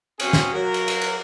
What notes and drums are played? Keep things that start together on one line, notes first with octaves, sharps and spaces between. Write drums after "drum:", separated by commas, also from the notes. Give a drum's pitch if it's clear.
F#3 C4 C#4 G#4, drum: cymbal
drum: snare
F#3 A#4
drum: cymbal
drum: cymbal
drum: cymbal